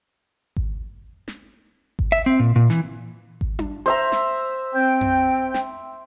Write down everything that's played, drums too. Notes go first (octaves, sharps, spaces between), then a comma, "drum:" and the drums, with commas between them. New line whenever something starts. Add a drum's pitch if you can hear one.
drum: kick G#1
drum: snare
drum: kick G#1
E5
C4
A#2
A#2
E3, drum: snare
drum: kick G#1
drum: tom D4
C5 E5 A#5
drum: snare
C4 G5
drum: tom F2
drum: snare